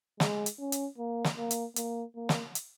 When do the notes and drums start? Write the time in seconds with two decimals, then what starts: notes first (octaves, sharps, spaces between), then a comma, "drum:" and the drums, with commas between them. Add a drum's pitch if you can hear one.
0.20 G#3, drum: snare
0.46 drum: hi-hat
0.59 C#4
0.72 drum: hi-hat
0.98 A#3
1.24 drum: snare
1.37 A#3
1.51 drum: hi-hat
1.76 A#3, drum: hi-hat
2.16 A#3
2.29 drum: snare
2.55 drum: hi-hat